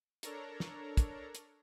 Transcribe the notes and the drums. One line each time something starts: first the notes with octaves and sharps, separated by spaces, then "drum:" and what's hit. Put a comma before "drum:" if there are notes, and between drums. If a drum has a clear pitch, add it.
D4 A4 A#4 C#5 A#5, drum: hi-hat
drum: snare
drum: kick, hi-hat
drum: hi-hat